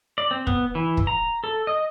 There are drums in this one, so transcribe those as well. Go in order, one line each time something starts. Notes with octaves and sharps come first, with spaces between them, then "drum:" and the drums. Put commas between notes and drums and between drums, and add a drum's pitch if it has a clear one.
D5
C4
B3, drum: kick
E3
drum: kick
A#5
A4
D#5